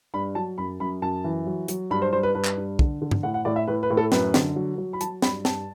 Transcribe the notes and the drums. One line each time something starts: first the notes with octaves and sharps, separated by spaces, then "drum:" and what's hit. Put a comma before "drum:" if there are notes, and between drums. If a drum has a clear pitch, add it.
G2 B5
F#3 A5
F#2 B5
F#2 B5
F#2 A5
E3
F#3
F#3, drum: hi-hat
G2 B5
C5
G2 C5
B4
G2 B4
drum: clap
G2
D3, drum: kick
D3
drum: tom G2
A2 F#5
F#5
A2 D5
E5
A2 B4
B4
A2
A4
F#2 B4, drum: snare
D3, drum: snare
F#3
F#3
B5
F#3 A5, drum: hi-hat
G2 B5, drum: snare
G2 A5, drum: snare